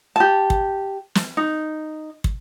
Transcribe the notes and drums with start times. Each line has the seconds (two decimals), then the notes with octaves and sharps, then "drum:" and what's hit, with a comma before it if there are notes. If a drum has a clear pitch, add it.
0.16 G4 A5
0.50 drum: kick
1.15 drum: snare
1.37 D#4
2.24 drum: kick